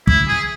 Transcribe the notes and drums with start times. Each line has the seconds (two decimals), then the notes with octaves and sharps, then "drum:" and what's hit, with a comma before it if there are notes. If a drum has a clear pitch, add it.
0.07 E4, drum: kick
0.28 G#4